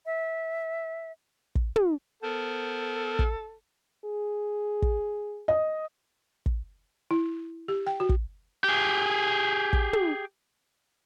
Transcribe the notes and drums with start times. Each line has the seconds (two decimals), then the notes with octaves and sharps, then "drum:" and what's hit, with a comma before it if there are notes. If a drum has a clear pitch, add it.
0.06 E5
1.55 drum: kick
1.76 drum: tom
2.23 B3 A4 A#4 C5
3.19 drum: kick
4.05 G#4
4.82 drum: kick
5.48 D#5
6.46 drum: kick
7.11 E4
7.68 G4
7.87 G5
8.00 F#4
8.09 drum: kick
8.64 G4 G#4
9.73 drum: kick
9.93 drum: tom